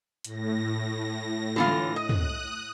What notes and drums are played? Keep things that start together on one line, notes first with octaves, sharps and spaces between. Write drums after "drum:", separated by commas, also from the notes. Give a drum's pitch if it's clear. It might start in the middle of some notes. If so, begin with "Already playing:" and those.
A2 A#6, drum: hi-hat
D3 E3 F4, drum: tom
D#5 D#6 F#6
drum: tom